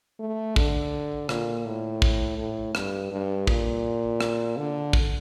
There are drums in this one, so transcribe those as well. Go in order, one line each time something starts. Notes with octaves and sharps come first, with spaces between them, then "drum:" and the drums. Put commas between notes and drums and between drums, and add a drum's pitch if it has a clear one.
A3
D3, drum: kick
A#2, drum: rim click
A2
drum: kick
A2
G2, drum: rim click
G2
A#2, drum: kick
drum: rim click
D3
drum: kick